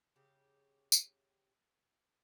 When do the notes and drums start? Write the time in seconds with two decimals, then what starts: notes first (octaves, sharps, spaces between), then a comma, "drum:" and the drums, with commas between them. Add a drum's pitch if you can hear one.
0.16 C#3 G4
0.92 drum: tambourine